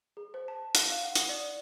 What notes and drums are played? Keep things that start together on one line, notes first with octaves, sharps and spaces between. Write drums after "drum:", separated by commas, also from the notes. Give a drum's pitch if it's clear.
G#4
C5
A5
F#6, drum: hi-hat
F5
F#5
D#6, drum: hi-hat
D5